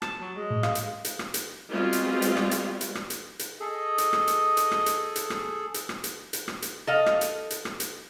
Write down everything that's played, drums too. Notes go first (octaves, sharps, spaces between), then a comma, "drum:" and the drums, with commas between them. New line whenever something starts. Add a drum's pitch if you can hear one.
A5, drum: rim click
F#3
G#3
A2
F5, drum: rim click
drum: hi-hat
drum: hi-hat
drum: rim click
drum: hi-hat
G3 G#3 B3 C4 F4 F#4
drum: hi-hat
drum: hi-hat
drum: rim click
drum: hi-hat
drum: hi-hat
drum: rim click
drum: hi-hat
drum: hi-hat
G#4 A4 D#5
drum: hi-hat
drum: rim click
drum: hi-hat
drum: hi-hat
drum: rim click
drum: hi-hat
drum: hi-hat
drum: rim click
drum: hi-hat
drum: rim click
drum: hi-hat
drum: hi-hat
drum: rim click
drum: hi-hat
A4 D#5 F5
drum: rim click
drum: hi-hat
drum: hi-hat
drum: rim click
drum: hi-hat